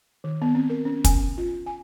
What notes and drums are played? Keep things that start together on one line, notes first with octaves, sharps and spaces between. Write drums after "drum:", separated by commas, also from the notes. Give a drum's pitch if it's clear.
D#3
B3
C4
A#4
C#4
G#5, drum: kick, hi-hat
F4
G#5